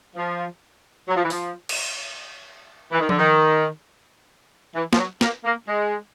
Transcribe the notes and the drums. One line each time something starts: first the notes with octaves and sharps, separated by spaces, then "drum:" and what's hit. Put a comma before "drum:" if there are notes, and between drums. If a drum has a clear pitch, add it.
F3
F#3
F3
E3
F3, drum: open hi-hat
drum: cymbal
E3
D#3
D3, drum: tom F3
D#3
E3
F3, drum: snare
F#3
A#3, drum: snare
A#3
G#3